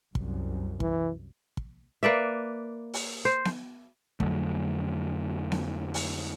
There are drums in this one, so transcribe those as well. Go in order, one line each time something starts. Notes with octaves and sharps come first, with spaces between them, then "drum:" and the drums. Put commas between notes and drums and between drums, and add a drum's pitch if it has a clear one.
C2 F#2, drum: kick
E3, drum: kick
drum: kick
A#3 B4 D5 E5
drum: open hi-hat
C5
drum: snare B3
F2 D3 F#3 A3, drum: kick
drum: snare B3
drum: open hi-hat